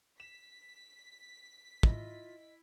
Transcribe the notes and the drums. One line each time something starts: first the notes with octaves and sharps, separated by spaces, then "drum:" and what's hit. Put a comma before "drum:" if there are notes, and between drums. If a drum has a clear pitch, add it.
B6 E7
E4 F4 D#5, drum: kick